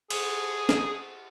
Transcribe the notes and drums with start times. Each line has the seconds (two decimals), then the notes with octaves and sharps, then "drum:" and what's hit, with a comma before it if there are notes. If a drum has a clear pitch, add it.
0.10 G#4, drum: cymbal
0.69 drum: snare